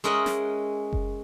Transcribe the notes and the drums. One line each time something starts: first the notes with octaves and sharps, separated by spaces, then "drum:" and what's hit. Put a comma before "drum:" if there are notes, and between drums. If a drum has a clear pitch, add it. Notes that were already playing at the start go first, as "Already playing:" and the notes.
G#3 C#4 A#4 D#5 E5 F#5
drum: snare
drum: kick F#1